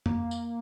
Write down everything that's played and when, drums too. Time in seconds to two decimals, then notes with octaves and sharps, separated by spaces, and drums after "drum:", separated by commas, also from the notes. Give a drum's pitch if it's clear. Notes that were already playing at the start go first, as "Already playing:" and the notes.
0.06 A#3, drum: tom F2
0.31 drum: tambourine